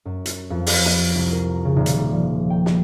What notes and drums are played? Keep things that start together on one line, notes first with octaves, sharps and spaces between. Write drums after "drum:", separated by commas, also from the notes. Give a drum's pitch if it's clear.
F#2
drum: hi-hat
F2
G4, drum: open hi-hat
drum: snare
A6
C2
A#4
C#3
D#1
drum: hi-hat
G3
F3
G5
drum: snare